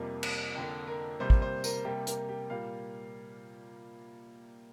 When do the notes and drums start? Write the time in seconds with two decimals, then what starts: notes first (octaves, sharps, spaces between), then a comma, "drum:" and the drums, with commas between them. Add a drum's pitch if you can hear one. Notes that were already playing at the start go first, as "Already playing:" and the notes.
Already playing: F2 C3 G3 A#3
0.23 drum: cymbal
0.55 F2 D3 A#3 G5
0.87 A#4
1.20 C3 G3 A#3 C5
1.30 drum: kick
1.42 C5
1.64 A#4, drum: tambourine
1.85 C3 G3 A#3 G4
2.07 A#4, drum: hi-hat
2.29 G4
2.50 A#2 G3 A#3 F5